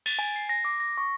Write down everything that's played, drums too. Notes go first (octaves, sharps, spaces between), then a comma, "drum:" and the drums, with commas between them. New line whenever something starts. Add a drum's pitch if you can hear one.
A6, drum: cymbal
G#5
C7
A#6
D6
A#6
C#6